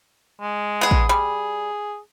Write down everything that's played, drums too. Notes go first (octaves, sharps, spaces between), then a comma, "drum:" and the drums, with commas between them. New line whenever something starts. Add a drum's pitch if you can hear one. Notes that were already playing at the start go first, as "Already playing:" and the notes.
G#3
B3 G#4
drum: kick A1
G3 G#4